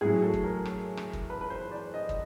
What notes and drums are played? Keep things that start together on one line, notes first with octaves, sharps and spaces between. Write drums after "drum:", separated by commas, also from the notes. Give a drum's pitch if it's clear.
A2 F#3 G#4
A4
drum: kick
A#4
drum: rim click
drum: rim click
drum: kick
B4
B4
C5
D5
D#5
drum: kick